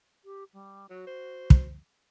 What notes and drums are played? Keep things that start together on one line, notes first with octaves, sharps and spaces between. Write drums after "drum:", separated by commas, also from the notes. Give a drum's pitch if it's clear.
G4
G3
F#3 F#4
C5
drum: kick